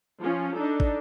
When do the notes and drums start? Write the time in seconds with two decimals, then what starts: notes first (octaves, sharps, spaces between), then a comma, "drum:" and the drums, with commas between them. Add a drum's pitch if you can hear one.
0.20 F3 C#4 F4
0.56 D4 D#4 A4
0.80 drum: kick